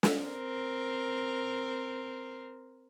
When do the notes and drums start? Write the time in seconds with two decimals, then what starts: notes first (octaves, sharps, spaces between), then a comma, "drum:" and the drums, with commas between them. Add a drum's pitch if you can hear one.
0.03 drum: snare
0.21 C4 A#4